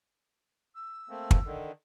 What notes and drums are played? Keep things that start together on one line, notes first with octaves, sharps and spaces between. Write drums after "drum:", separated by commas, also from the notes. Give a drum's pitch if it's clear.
E6
A3 A#3 C4
drum: kick
D3 D#3